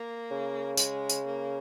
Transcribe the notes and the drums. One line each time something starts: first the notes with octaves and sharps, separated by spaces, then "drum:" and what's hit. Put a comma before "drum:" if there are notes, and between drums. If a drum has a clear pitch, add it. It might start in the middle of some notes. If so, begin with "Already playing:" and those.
Already playing: A#3
C#3
G#3, drum: tambourine
drum: tambourine
A#3